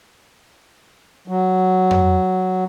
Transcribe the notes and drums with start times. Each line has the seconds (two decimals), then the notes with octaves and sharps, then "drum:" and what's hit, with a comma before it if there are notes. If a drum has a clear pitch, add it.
1.28 F#3
1.91 drum: tom F2